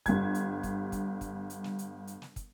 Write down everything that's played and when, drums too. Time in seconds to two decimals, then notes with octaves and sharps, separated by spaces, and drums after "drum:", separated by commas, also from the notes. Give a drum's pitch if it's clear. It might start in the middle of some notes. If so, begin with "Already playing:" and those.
0.06 G1 G3 G#6, drum: kick, hi-hat
0.35 drum: hi-hat
0.63 drum: kick, hi-hat
0.92 drum: kick, hi-hat
1.21 drum: kick, hi-hat
1.50 drum: hi-hat
1.64 drum: snare
1.79 drum: hi-hat
2.07 drum: hi-hat
2.22 drum: snare
2.36 drum: kick, hi-hat